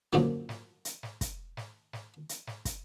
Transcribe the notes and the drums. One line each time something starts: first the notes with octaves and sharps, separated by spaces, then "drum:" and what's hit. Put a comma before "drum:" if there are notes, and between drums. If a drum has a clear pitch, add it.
F#2 A#2 D3 F3 A3, drum: snare
drum: snare
drum: hi-hat
drum: snare
drum: kick, hi-hat
drum: snare
drum: snare
drum: hi-hat
drum: snare
drum: kick, hi-hat